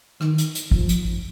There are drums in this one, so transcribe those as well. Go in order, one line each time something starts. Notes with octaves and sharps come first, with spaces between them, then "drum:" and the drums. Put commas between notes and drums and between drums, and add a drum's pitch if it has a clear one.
D#3, drum: rim click
drum: hi-hat
drum: hi-hat
F3, drum: kick
drum: hi-hat